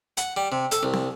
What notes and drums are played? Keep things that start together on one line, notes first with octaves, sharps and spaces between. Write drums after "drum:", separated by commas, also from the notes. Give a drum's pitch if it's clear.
F#5, drum: hi-hat
G3
C3
A4, drum: hi-hat
C2
drum: snare